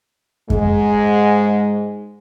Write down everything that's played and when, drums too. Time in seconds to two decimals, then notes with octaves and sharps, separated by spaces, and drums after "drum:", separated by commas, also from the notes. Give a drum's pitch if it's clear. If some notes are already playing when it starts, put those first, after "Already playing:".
0.50 G#2 G#3, drum: kick F#2